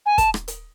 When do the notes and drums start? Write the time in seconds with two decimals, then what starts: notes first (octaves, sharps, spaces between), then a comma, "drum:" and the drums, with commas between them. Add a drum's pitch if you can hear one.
0.06 G#5
0.18 A5, drum: kick, hi-hat
0.34 drum: rim click
0.48 drum: hi-hat